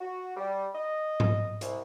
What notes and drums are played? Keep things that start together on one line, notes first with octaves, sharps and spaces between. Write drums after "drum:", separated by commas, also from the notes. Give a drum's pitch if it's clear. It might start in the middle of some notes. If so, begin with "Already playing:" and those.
F#4
G3
D#5
drum: tom G#2
C2, drum: hi-hat